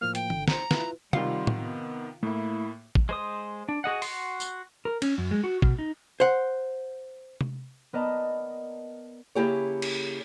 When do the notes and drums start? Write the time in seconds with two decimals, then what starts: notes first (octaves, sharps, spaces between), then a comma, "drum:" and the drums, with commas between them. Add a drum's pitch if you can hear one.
0.01 A2 F3 A#3 F6
0.15 G5, drum: hi-hat
0.30 G#1 D3, drum: tom
0.48 C5 A#5 C#7, drum: snare
0.71 E4 F4 B4, drum: snare
1.13 C3 D#3 G3 F4 F#5, drum: tom C3
1.47 drum: tom
1.61 B3
2.23 A2 A3 A#3 E4
2.95 drum: kick A1
3.09 G#3 C5 D#6
3.69 D4
3.84 F#4 G#4 D#5 F#5
4.02 F#4 C6, drum: open hi-hat
4.40 drum: tambourine
4.85 A#4
5.02 C#4, drum: cymbal
5.18 F#2
5.31 G#3
5.44 F#4
5.62 B2, drum: kick A1
5.79 D#4
6.20 C5 F#5
7.41 drum: tom C3
7.93 B3 A#4 D5 D#5 A5 A#5
9.35 C#3 A#3 E4 G4 G#4 C#5
9.82 drum: cymbal